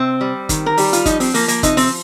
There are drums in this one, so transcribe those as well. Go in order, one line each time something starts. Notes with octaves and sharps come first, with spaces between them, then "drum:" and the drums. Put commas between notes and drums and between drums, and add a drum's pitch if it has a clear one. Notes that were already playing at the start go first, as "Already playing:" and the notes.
Already playing: C3 C4
G3
D#3, drum: kick, hi-hat
A#4
G3 G4, drum: open hi-hat
F4, drum: hi-hat
F3 D#4, drum: kick, hi-hat
C4, drum: open hi-hat
F3 A#3, drum: open hi-hat
A#3, drum: hi-hat
C3 D#4, drum: kick, hi-hat
C4, drum: open hi-hat